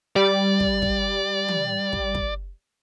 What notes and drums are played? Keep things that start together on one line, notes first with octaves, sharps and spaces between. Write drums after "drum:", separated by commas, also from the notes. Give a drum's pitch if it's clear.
G3 D5
drum: kick
drum: kick
drum: tom
drum: kick
drum: kick